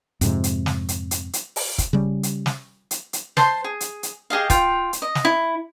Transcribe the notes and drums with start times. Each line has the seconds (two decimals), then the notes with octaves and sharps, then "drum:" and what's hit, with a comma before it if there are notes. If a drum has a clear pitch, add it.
0.21 F2 G#2 C3, drum: hi-hat
0.44 drum: hi-hat
0.66 drum: snare
0.89 drum: hi-hat
1.11 drum: hi-hat
1.33 drum: hi-hat
1.56 drum: open hi-hat
1.78 drum: kick, hi-hat
1.93 C#3 G3
2.23 drum: hi-hat
2.46 drum: snare
2.91 drum: hi-hat
3.13 drum: hi-hat
3.37 C5 A5 C6, drum: snare
3.64 G#4
3.81 drum: hi-hat
4.03 drum: hi-hat
4.30 G4 G#4 D#5 F5
4.50 F4 G5, drum: kick, hi-hat
4.93 drum: hi-hat
5.02 D#5
5.15 drum: snare
5.25 E4